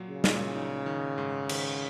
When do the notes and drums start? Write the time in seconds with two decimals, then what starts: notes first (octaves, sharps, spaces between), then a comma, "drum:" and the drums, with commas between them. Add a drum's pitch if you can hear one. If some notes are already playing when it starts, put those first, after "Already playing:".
Already playing: A#2 F#3
0.08 C#3
0.24 A#2, drum: snare
0.55 D#4
0.86 D#3
1.18 G#2
1.49 D#3, drum: cymbal